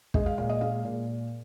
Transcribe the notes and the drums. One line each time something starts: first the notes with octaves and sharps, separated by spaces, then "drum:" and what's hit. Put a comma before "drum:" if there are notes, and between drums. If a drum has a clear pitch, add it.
G#3 D#5, drum: kick
F5
A#2 F5
D#5
G#3 F5
A#2